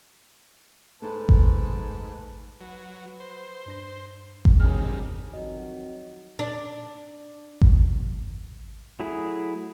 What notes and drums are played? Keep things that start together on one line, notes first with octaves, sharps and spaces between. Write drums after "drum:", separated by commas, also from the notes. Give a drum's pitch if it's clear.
G#2 A3 B4 A5
drum: kick G#1
F#3 B4
C5
G2 D4 A#6
drum: kick G#1
E1 C3 D#3 G3 G#4 F6
F2 D#3 F#3 D#5
D4
drum: kick G#1
F#3 A3 E4 G#4